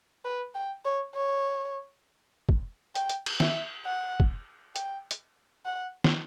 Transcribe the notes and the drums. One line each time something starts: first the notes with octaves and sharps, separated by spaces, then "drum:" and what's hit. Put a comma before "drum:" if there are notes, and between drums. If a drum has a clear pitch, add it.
B4
G5
C#5
C#5
drum: kick
G5, drum: hi-hat
drum: hi-hat
drum: cymbal
E5, drum: snare
F#5
drum: kick
G5, drum: hi-hat
drum: hi-hat
F#5
drum: snare